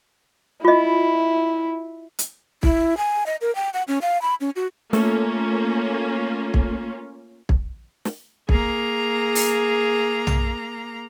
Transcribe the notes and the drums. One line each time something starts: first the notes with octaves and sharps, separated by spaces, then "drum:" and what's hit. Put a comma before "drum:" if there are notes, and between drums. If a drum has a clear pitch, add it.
E4 F4 D#5
drum: hi-hat
E4, drum: kick
G#5
D#5
A#4
G5
F#5
C#4
F5
B5
C#4
F#4
A3 A#3 C#4 F4, drum: snare
drum: kick
drum: kick
drum: snare
A#3 G#4 A#5, drum: kick
drum: open hi-hat
drum: tom